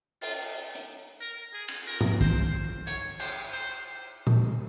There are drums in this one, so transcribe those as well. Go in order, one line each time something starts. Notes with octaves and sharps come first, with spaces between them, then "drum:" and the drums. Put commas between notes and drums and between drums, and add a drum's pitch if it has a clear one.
F4, drum: open hi-hat
drum: hi-hat
A#4
G#4
drum: cymbal
A#4
drum: tom G#2
C5, drum: kick
C#5, drum: hi-hat
C5, drum: cymbal
C5
drum: tom A#2